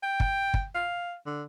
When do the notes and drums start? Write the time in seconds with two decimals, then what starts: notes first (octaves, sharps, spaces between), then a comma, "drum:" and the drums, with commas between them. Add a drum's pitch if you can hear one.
0.03 G5
0.20 drum: kick
0.54 drum: kick
0.75 F5
1.26 D3